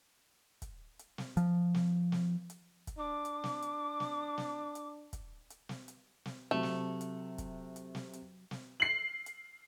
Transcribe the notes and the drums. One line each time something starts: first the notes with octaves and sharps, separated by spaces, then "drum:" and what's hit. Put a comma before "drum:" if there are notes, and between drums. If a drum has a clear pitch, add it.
drum: kick, hi-hat
drum: hi-hat
drum: snare
F3, drum: hi-hat
drum: snare
drum: snare
drum: hi-hat
drum: kick, hi-hat
D4 D6
drum: hi-hat
drum: snare
drum: hi-hat
drum: snare
drum: snare
drum: hi-hat
drum: kick, hi-hat
drum: hi-hat
drum: snare
drum: hi-hat
drum: snare
C3 F#3 A3 F#4
drum: snare
drum: hi-hat
drum: kick, hi-hat
drum: hi-hat
drum: snare
drum: hi-hat
drum: snare
C7 F#7
drum: hi-hat